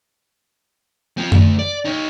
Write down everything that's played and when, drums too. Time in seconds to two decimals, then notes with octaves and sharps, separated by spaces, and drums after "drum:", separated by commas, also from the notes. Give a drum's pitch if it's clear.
1.18 C4 F4
1.32 D3 A3, drum: tom F#2
1.59 D5
1.85 D#4 C#5